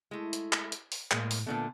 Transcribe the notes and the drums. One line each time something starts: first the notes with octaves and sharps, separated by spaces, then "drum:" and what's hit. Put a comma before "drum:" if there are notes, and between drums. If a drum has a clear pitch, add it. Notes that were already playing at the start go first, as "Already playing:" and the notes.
G#3 A3 E4
drum: hi-hat
drum: clap
drum: hi-hat
drum: open hi-hat
A2 G#3 A#3, drum: clap
drum: open hi-hat
A#2 D3 A3 B3